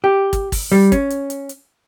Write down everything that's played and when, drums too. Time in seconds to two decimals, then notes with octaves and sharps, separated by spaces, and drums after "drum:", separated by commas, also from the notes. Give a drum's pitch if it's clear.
0.04 G4
0.33 drum: kick, hi-hat
0.52 drum: kick, open hi-hat
0.72 G3
0.92 C#4, drum: kick, hi-hat
1.10 drum: hi-hat
1.30 drum: hi-hat
1.49 drum: hi-hat